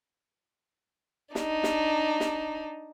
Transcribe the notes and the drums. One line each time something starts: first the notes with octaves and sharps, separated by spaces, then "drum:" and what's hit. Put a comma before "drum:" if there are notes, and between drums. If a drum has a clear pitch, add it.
D4 D#4, drum: snare
drum: snare
drum: snare